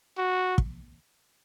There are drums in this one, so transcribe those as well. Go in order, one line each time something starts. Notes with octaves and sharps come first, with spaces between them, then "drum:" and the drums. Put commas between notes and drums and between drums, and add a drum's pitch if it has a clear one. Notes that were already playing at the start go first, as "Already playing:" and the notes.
F#4
drum: kick